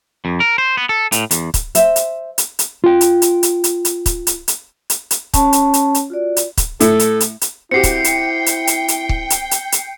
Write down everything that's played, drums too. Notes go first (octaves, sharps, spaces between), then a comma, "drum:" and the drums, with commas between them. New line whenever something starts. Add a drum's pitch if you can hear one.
F2
A#4
C5
B3
A4
A2, drum: hi-hat
E2, drum: hi-hat
drum: kick, hi-hat
C5 E5, drum: hi-hat
drum: hi-hat
drum: hi-hat
drum: hi-hat
F4 G5
drum: hi-hat
drum: hi-hat
drum: hi-hat
drum: hi-hat
drum: hi-hat
drum: kick, hi-hat
drum: hi-hat
drum: hi-hat
drum: hi-hat
drum: hi-hat
C#4 C#5 A5, drum: kick, hi-hat
drum: hi-hat
drum: hi-hat
drum: hi-hat
F4 F#4 D5
drum: hi-hat
drum: kick, hi-hat
A2 A4, drum: hi-hat
drum: hi-hat
drum: hi-hat
drum: hi-hat
C4 E4 F#4 G4 G5 C7 C#7
drum: kick, hi-hat
drum: hi-hat
drum: hi-hat
drum: hi-hat
drum: hi-hat
drum: kick
drum: hi-hat
drum: hi-hat
drum: hi-hat